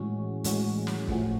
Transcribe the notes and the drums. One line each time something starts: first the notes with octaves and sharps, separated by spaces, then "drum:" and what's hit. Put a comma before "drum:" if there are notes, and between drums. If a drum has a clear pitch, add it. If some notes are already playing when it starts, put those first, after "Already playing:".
Already playing: A2 E3 G#3 C#4 F#4
A2 E3 G#3 C#4 F#4, drum: hi-hat
drum: snare
A2 F3 A3 C#4 F#4, drum: kick